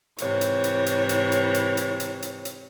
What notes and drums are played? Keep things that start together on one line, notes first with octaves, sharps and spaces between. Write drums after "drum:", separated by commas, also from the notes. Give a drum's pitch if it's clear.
G#2 C3 E3 C#5, drum: hi-hat
drum: hi-hat
drum: hi-hat
drum: hi-hat
drum: hi-hat
drum: hi-hat
drum: hi-hat
drum: hi-hat
drum: hi-hat
drum: hi-hat
drum: hi-hat